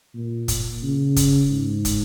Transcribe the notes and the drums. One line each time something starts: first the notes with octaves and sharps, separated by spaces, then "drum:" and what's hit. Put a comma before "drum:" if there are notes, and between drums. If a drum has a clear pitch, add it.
A#2
drum: kick, hi-hat
C#3
drum: kick, hi-hat
G#2
drum: kick, hi-hat